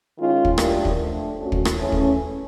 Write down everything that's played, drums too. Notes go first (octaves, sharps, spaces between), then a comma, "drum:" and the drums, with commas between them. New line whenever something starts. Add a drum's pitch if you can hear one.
D#3 G#3 C#4 F4
drum: kick
F#3 A3 D4 G4 A#4, drum: rim click
drum: kick
F3 A3 D4
A3 C#4 F#4
drum: kick
drum: rim click
C#3 E3 A3 C#4
drum: kick